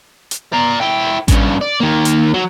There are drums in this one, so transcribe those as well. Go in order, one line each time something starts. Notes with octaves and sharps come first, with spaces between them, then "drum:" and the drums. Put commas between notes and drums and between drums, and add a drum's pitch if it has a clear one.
drum: hi-hat
D5 A#5
E4 G5
G2 C#3, drum: kick A1, hi-hat
D5
D#3 A#3
drum: hi-hat
F#3